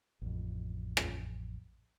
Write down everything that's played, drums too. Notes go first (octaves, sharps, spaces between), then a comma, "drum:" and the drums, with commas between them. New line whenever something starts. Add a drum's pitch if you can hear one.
A1 F2
drum: rim click